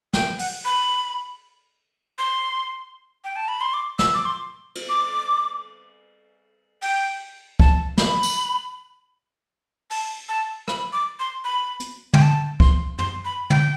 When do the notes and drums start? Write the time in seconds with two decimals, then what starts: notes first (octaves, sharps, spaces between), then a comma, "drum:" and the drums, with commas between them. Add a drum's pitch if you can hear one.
0.13 G5, drum: snare
0.39 F#5, drum: open hi-hat
0.65 B5
2.18 C6
3.24 G5
3.36 A5
3.48 B5
3.61 C6
3.74 D6
3.99 E6, drum: snare
4.14 D6
4.25 C6
4.75 drum: cymbal
4.89 D6
6.82 G5, drum: open hi-hat
7.60 A5, drum: kick
7.98 B5, drum: snare
8.23 drum: tambourine
9.90 A5, drum: open hi-hat
10.29 A5
10.68 B5, drum: rim click
10.93 D6
11.19 C6
11.44 B5
11.80 drum: hi-hat
12.13 G5, drum: tom
12.22 A5
12.60 C6, drum: kick
12.98 C6, drum: tom
13.25 B5
13.50 G5, drum: tom